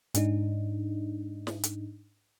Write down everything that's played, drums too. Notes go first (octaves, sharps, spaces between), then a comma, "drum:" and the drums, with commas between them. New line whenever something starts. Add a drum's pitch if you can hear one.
G#2 D4 D#4, drum: hi-hat
drum: snare
drum: hi-hat